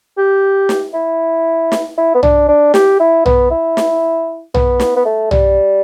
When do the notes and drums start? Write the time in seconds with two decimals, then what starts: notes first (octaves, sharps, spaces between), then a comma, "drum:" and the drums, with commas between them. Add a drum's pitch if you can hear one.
0.18 G4
0.69 drum: snare
0.94 E4
1.72 drum: snare
1.97 E4
2.15 B3
2.23 D4, drum: tom B1
2.48 D4
2.74 G4, drum: snare
3.00 E4
3.26 B3, drum: tom B1
3.51 E4
3.77 drum: snare
4.54 B3, drum: tom B1
4.80 drum: snare
4.96 B3
5.05 A3
5.31 G3, drum: tom B1